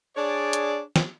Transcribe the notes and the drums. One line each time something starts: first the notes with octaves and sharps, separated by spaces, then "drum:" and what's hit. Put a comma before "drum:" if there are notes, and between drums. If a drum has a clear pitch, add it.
D4 G#4 C#5 D5
drum: hi-hat
drum: snare